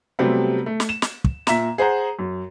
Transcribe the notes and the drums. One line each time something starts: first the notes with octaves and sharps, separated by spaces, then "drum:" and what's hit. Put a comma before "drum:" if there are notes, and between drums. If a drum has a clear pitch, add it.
C3 F#3 G3 A3 B3 C4
A3
drum: snare
E7
drum: snare
drum: kick
A#2 E5 A#5 E7, drum: snare
G#4 C5 F#5 A#5
F#2